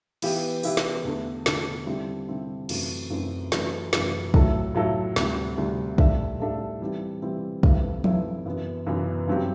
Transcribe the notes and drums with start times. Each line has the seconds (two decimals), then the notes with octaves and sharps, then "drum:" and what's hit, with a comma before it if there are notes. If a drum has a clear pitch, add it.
0.22 E3 B3 E4 G4, drum: cymbal
0.63 E3 B3 E4 G4, drum: open hi-hat
0.77 drum: snare
1.05 E2 D3 A3
1.46 E2 D3 A3, drum: snare
1.87 D3 G3 C4 E4
2.28 D3 G3 C4 E4
2.69 F#2 E3 A3 C4 F#4, drum: cymbal
3.10 F#2 E3 A3 C4 F#4
3.52 F#2 E3 A3, drum: snare
3.93 F#2 E3 A3, drum: snare
4.34 A2 F#3 A3 E4 A4, drum: kick
4.75 A2 F#3 A3 E4 A4
5.16 D2 C3 G3, drum: snare
5.57 D2 C3 G3
5.98 A2 G3 D4 A4 E5, drum: kick
6.40 A2 G3 D4 A4 E5
6.81 E3 G3 C4 E4
7.22 E3 G3 C4 E4
7.63 G2 E3 A3 C4 E4, drum: kick
8.04 G2 E3 A3 C4 E4, drum: tom F3
8.45 F#2 E3 B3
8.86 F#2 E3 B3
9.28 G2 F#3 C4 G4